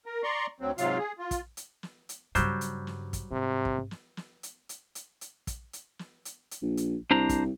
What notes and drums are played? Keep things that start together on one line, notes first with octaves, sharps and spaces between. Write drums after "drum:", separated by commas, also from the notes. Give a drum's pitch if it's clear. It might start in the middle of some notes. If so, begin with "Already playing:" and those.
A#4
D5 A#5 C6 C#6
D2 F#3 C4
G#2 C3 F#3 F4 F5, drum: hi-hat
G#4
F4
drum: kick, hi-hat
drum: hi-hat
drum: snare
drum: hi-hat
G2 C#3 F#3 G3 C5, drum: hi-hat
drum: hi-hat
drum: snare
drum: kick, hi-hat
G#2 C3
drum: kick
drum: snare
drum: snare
drum: hi-hat
drum: hi-hat
drum: hi-hat
drum: hi-hat
drum: kick, hi-hat
drum: hi-hat
drum: snare
drum: hi-hat
drum: hi-hat
A#1
drum: hi-hat
C2 D4 C5 A#5
drum: kick, hi-hat